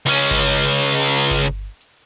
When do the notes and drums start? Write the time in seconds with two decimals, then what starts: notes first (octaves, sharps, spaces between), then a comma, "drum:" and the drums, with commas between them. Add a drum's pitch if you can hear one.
0.06 C#2 C#4
0.31 drum: kick G1, hi-hat
0.81 drum: hi-hat
1.31 drum: kick G1, hi-hat
1.81 drum: hi-hat